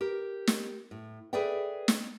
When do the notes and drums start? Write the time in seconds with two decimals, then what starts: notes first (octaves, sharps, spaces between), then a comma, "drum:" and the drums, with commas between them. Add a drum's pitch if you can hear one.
0.01 G4 A#4
0.47 drum: snare
0.91 A2
1.33 G#4 A4 B4 D5 E5 G5
1.88 drum: snare